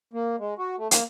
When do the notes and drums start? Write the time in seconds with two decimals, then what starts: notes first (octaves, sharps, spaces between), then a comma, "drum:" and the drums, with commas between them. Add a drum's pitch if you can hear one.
0.13 A#3
0.39 G#3
0.58 F#4
0.78 A3
0.91 A#3, drum: hi-hat